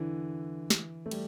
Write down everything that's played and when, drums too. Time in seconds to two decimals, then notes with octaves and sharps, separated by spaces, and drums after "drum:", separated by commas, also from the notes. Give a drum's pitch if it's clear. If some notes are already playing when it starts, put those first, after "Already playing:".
Already playing: D3 E3
0.70 drum: snare
1.06 A3
1.11 G3, drum: cymbal